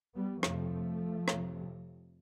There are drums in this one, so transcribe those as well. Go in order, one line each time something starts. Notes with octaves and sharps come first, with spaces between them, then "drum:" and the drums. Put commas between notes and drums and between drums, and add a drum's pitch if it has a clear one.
G3 B3
F2 C3 F3 A3, drum: rim click
F2 C3, drum: rim click